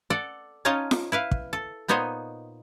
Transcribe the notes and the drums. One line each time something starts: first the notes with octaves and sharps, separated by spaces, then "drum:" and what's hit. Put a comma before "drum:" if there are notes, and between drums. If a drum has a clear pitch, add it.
A4 D5 F#5
C#4 D#4 F4 C#5 D#5 A5
drum: snare F4
E4 B4 F5
drum: kick
A4
A#2 B3 D#4 C5 C#5 D#5